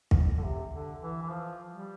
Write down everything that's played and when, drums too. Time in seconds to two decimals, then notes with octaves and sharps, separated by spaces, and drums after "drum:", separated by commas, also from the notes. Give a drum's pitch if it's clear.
0.11 drum: kick
0.38 D3
0.43 C3
0.72 D3
1.01 E3
1.22 E3
1.30 F3
1.71 G3